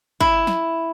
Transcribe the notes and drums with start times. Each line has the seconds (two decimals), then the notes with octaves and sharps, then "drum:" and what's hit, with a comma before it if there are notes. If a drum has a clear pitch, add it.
0.20 E4, drum: kick
0.47 drum: snare